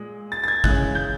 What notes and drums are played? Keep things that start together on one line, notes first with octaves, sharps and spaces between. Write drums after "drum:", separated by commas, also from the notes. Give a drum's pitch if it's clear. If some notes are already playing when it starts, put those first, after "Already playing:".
Already playing: A#2 G#3
A6
A6
G#6
C#3 E3 G#3 F#6, drum: kick
G6